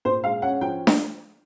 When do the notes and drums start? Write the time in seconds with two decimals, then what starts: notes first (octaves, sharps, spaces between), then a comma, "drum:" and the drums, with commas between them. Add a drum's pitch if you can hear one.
0.05 A#2 C5
0.24 G#3 F5
0.42 C#4 F#5
0.61 F3 G5
0.87 drum: snare D4